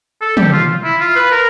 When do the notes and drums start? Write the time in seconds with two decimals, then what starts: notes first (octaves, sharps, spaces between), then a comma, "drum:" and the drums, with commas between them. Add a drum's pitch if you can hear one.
0.21 A4
0.37 G4, drum: tom
0.52 F4
0.84 E4
1.00 F4
1.16 B4
1.31 A#4